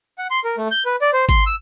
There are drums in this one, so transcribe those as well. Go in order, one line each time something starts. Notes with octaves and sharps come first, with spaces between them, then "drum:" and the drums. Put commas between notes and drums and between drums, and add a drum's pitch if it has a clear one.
F#5
C6
A#4
A3
G6
B4
D5
C5
C6, drum: kick G#1, hi-hat
E6